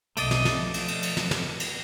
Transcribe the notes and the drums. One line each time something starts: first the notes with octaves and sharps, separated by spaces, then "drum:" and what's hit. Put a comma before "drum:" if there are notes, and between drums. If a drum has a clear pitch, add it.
B1 A3 D5 D#5, drum: cymbal
drum: snare
drum: snare
F3
drum: cymbal
drum: cymbal
drum: cymbal
drum: snare
drum: snare
drum: cymbal